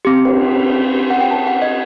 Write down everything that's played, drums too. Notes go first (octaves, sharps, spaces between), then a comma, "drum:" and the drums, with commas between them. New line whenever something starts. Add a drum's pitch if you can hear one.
C4 G4
drum: cymbal
F#5
G5
A5
F#5
D#5